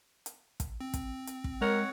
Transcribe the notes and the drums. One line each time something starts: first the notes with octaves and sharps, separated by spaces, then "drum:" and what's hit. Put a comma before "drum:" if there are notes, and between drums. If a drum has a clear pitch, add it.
drum: hi-hat
drum: kick, hi-hat
C4
drum: kick, hi-hat
drum: hi-hat
drum: kick
G#3 A#4 C#5 F#5